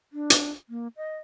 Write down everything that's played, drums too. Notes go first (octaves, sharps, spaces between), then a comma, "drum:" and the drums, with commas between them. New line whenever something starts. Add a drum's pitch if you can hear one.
D4
drum: hi-hat
A#3
D#5